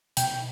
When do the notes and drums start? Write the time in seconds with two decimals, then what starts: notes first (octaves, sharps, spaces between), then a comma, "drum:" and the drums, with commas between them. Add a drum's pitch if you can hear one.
0.17 B2 G5, drum: hi-hat